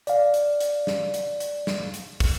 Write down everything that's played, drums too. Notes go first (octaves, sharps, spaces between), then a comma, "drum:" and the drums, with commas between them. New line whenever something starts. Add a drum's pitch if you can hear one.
D5 F5, drum: hi-hat
drum: hi-hat
drum: hi-hat
drum: snare
drum: hi-hat
drum: hi-hat
drum: snare
drum: hi-hat
drum: kick, open hi-hat